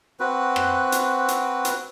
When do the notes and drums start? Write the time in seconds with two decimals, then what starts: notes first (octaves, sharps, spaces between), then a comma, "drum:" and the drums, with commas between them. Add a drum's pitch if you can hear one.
0.20 C4 F#4 B4
0.56 drum: rim click
0.92 drum: hi-hat
1.28 drum: hi-hat
1.65 drum: hi-hat